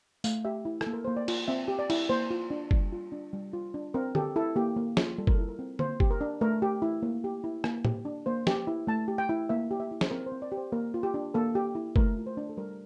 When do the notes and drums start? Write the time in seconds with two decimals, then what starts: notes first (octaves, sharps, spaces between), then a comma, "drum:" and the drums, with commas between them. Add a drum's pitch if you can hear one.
0.24 A3 F5, drum: tambourine
0.45 G4 E5
0.65 E4
0.81 A4, drum: rim click
0.87 A#3
0.93 A#4
1.05 A#3 C5
1.17 D5
1.28 F4, drum: cymbal
1.48 C4 E5
1.68 G4
1.79 D5
1.90 E4, drum: cymbal
2.09 A#3 C5
2.31 F4
2.50 D4
2.71 G3, drum: kick F#1
2.92 F4
3.12 D4
3.33 G3
3.53 F4
3.74 D4
3.94 C4 A#4
4.15 G4 A4, drum: tom
4.36 E4 A4
4.56 A#3 G4
4.76 A#3
4.97 F4, drum: snare
5.18 G3 A4
5.27 A#4, drum: kick F#1
5.35 E4 A4
5.49 A#4
5.59 C4
5.79 A#3 C5, drum: tom D3
6.00 G4, drum: kick F#1
6.11 A#4
6.21 D4
6.41 A3 A#4
6.62 G4
6.82 E4
7.02 A#3
7.24 G4
7.44 E4
7.64 A#3, drum: rim click
7.85 G4, drum: tom
8.05 D4
8.26 A#3 C5
8.47 G4, drum: snare
8.67 E4
8.87 A3 A5
9.08 G4
9.18 G5
9.29 E4
9.49 A#3 E5
9.71 G4
9.80 E5
9.91 E4
10.01 C5, drum: snare
10.11 C4 A#4
10.26 C5
10.32 C4
10.42 D5
10.52 G4
10.57 C5
10.72 A#3 A#4
10.94 F4
11.03 G4
11.14 D4
11.34 A#3 A4
11.55 G4
11.75 E4
11.96 A3 A#4, drum: kick F#1
12.17 F4
12.26 C5
12.37 D4
12.49 A4
12.57 G3 A#4